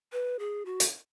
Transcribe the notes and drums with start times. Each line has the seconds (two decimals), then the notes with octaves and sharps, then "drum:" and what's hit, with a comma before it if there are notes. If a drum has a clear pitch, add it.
0.13 B4
0.39 G#4
0.66 F#4
0.80 drum: hi-hat